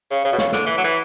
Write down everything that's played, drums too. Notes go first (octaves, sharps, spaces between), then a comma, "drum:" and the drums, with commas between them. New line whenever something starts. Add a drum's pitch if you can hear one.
C#3
C#3
B2
C#3, drum: snare
D3, drum: snare
E3
F#3
E3